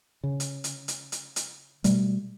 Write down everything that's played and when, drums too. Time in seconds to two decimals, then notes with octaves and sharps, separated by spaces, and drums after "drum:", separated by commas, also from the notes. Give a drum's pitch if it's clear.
0.23 C#3
0.40 drum: hi-hat
0.64 drum: hi-hat
0.88 drum: hi-hat
1.12 drum: hi-hat
1.36 drum: hi-hat
1.84 B2 G3 A3, drum: hi-hat